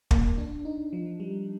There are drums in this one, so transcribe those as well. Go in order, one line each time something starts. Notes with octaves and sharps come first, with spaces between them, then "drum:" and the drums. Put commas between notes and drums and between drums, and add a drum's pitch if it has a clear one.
A#3, drum: kick
D4
D#4
F3
G3